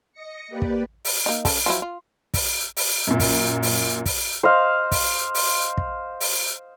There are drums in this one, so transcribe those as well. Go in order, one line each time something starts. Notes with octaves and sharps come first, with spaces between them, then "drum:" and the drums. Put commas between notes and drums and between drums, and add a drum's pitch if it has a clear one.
D#5 A#6 C#7
A#3 G4 B4 D5
drum: kick
drum: open hi-hat
A#3 D#4
C#3 A4, drum: kick, open hi-hat
F3 F#3 E4
F4
drum: kick, open hi-hat
drum: open hi-hat
F#2 A#2
drum: kick, open hi-hat
drum: open hi-hat
drum: kick, open hi-hat
C5 D#5 F5
drum: kick, open hi-hat
drum: open hi-hat
drum: kick
drum: open hi-hat